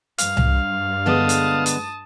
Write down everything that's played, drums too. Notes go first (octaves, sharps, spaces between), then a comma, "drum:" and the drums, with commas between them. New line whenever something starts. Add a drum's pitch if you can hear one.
G2 F5, drum: hi-hat
drum: tom C2
D3 G#3 B3 A5 D#6
drum: hi-hat
drum: hi-hat